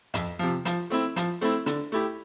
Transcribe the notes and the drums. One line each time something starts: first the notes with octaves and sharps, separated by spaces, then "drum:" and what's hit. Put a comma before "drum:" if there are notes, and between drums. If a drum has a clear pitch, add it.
F2, drum: hi-hat
C3 F3
F3, drum: hi-hat
A3 C4 E4
F3, drum: hi-hat
A3 C4 E4
D3, drum: hi-hat
A3 E4 G4